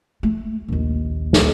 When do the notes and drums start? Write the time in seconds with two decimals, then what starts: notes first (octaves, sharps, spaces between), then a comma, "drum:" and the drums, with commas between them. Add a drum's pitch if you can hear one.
0.23 A3
0.68 A#1 D#2
1.33 drum: snare